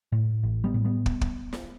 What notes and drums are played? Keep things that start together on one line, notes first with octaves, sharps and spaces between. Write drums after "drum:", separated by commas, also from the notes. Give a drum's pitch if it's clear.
A2
A1
G3 B3
A2
G3 B3
drum: kick
drum: kick
drum: snare